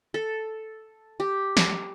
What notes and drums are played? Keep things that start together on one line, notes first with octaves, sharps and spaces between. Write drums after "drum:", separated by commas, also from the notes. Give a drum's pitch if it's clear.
A4
G4
drum: snare